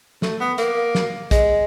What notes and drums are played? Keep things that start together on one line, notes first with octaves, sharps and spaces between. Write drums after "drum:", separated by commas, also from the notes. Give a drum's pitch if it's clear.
A3, drum: snare
B3
A#3, drum: hi-hat
drum: snare
G#3, drum: kick, hi-hat